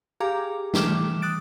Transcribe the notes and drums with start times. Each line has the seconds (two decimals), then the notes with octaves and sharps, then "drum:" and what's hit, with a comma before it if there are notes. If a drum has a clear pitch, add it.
0.20 G4 G#4 F5 A#5 D6
0.74 E3 G3 A3 D6 F6 E7, drum: snare
1.22 D#6 F#6 A6 D7